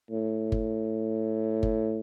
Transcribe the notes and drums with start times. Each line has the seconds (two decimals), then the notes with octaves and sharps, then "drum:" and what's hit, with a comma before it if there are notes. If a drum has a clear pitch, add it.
0.11 A2
0.52 drum: kick G1
1.63 drum: kick G1